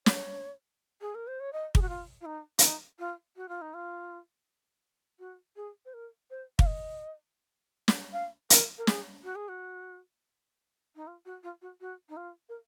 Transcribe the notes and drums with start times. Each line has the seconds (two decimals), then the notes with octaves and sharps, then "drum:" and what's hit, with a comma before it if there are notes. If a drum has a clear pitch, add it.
0.06 C#5, drum: snare
1.01 G#4
1.15 A#4
1.27 C5
1.40 C#5
1.53 D#5
1.75 G#4, drum: kick
1.82 F#4
1.89 F4
2.21 F4
2.26 D#4
2.59 F4, drum: hi-hat
2.63 D#4
2.99 F4
3.36 F#4
3.49 F4
3.61 D#4
3.74 F4
5.19 F#4
5.56 G#4
5.85 C5
5.94 A#4
6.30 C5
6.59 F5, drum: kick
6.66 D#5
7.88 drum: snare
8.13 F5
8.50 A#4, drum: hi-hat
8.78 A#4
8.87 G#4, drum: snare
9.24 F#4
9.35 G#4
9.48 F#4
10.96 D#4
11.07 F4
11.25 F#4
11.43 F4
11.62 F#4
11.81 F#4
12.09 D#4
12.17 F4
12.49 A#4